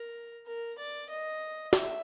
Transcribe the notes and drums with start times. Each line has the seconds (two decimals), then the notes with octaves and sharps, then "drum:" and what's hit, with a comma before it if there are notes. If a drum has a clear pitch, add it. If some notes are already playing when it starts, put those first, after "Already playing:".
Already playing: A#4
0.47 A#4
0.79 D5
1.10 D#5
1.73 E5, drum: snare